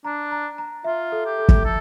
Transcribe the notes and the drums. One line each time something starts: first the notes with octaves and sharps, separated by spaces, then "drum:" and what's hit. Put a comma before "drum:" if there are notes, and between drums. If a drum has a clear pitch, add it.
D4 A#5
A#5
A#5
F4 E5
A4
G4
A4
drum: kick
A4